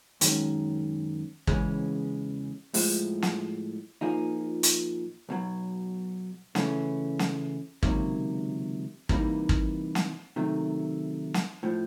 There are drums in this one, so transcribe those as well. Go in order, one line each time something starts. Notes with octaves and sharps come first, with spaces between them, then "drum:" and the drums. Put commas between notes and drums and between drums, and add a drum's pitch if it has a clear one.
F#2 D#3 G#3 C#4, drum: hi-hat
E2 C#3 E3 G#3 C#4, drum: kick
A2 F3 G#3, drum: open hi-hat
drum: snare
A#2 F3 A#3 D#4 G#4
drum: hi-hat
B1 B2 F#3
C#3 E3 A3 C#4, drum: snare
drum: snare
C#2 C3 D#3 F#3 A#3, drum: kick
C3 E3 G3 A#3 D#4, drum: kick
drum: kick
drum: snare
C3 D#3 F#3 A3
drum: snare
A2 F3